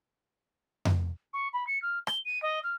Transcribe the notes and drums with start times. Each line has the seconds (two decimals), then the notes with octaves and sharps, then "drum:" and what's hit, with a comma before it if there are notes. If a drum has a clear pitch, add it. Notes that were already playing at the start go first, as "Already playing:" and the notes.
0.85 drum: tom F2
1.33 C#6
1.53 B5
1.67 C#7
1.82 F6
2.07 G7, drum: rim click
2.25 D#7
2.42 D#5
2.64 F6